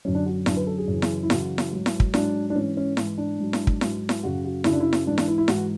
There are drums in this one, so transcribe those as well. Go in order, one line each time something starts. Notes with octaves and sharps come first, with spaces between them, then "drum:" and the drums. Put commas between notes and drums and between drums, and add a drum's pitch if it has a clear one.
F#2 D3 F#3 C#4
D4
F#4
F#2 D3 F#3 D4, drum: snare E4
B4
A4
G#4
F#2 C#3 E3
drum: snare E4
E4
F#2 C#3 E3 F#4, drum: snare E4
drum: snare E4
G#2 F#3
drum: snare E4
drum: kick
G#2 F#3 D4, drum: snare E4
D4
G#2 E3 C#4
C#4
G#2 E3, drum: snare E4
D4
G#2 F#3
drum: snare E4
drum: kick
G#2 F#3, drum: snare E4
drum: snare E4
F#2 C#3 F#3 F#4
F#4
F#2 C#3 F#3 E4, drum: snare E4
D4
E4
drum: snare E4
G#2 E3 D4
D4, drum: snare E4
E4
E4
G#2 E3 F#4, drum: snare E4